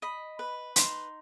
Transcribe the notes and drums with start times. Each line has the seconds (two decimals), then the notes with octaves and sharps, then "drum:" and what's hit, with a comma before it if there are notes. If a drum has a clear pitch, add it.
0.02 D#5 B5
0.39 B4
0.76 D#4 C6, drum: hi-hat